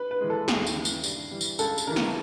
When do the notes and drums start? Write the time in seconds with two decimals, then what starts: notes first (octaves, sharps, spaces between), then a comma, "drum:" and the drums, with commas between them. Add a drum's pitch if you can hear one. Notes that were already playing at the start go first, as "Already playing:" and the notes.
Already playing: B4
0.11 B4
0.21 E3 G#3
0.30 A4
0.48 D#2 G#4, drum: snare
0.67 drum: tambourine
0.76 C#3 E3
0.85 drum: tambourine
1.04 G2, drum: tambourine
1.31 E3 G3
1.41 drum: tambourine
1.59 C#2 A4, drum: tambourine
1.78 drum: tambourine
1.87 C#3 E3 A#4
1.96 drum: snare